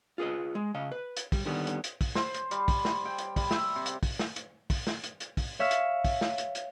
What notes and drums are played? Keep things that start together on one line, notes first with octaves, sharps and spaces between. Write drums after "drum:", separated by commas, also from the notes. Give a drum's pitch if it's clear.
F4 G#4 B4 D#5
G#3
C#3 D#5 F5
B4
drum: hi-hat
G3, drum: kick, open hi-hat
D#2 D3 D#3 G3 B3
drum: hi-hat
drum: hi-hat
drum: kick, open hi-hat
C5, drum: snare
drum: hi-hat
G3, drum: hi-hat
drum: kick, open hi-hat
drum: snare
G5
drum: hi-hat
G3, drum: kick, open hi-hat
E5, drum: snare
C3
drum: hi-hat
drum: kick, open hi-hat
drum: snare
drum: hi-hat
drum: kick, open hi-hat
drum: snare
drum: hi-hat
drum: hi-hat
drum: kick, open hi-hat
C#5 E5 F5
drum: hi-hat
drum: kick, open hi-hat
drum: snare
drum: hi-hat
drum: hi-hat